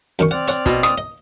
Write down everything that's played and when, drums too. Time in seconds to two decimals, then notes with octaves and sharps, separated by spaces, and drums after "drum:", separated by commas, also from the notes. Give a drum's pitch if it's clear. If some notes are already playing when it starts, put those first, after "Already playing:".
0.19 F#2 D#3 C#6
0.31 C4 D5 F#5 F6
0.48 C#5 F#5, drum: hi-hat
0.66 B2, drum: kick, hi-hat
0.83 D#6, drum: rim click
0.98 D#5